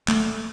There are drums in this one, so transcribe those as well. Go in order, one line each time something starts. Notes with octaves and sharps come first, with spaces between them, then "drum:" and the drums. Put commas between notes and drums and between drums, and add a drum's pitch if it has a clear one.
A3, drum: clap